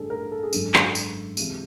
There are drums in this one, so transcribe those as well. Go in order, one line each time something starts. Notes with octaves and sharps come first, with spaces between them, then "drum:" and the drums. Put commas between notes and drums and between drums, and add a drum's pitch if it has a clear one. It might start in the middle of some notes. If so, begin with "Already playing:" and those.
Already playing: A1 G2 D3 G#4 A4
A#4
A4
G#4
G#1 F#2 D3 A4, drum: tambourine
drum: clap
drum: tambourine
C#2 C3 E3, drum: tambourine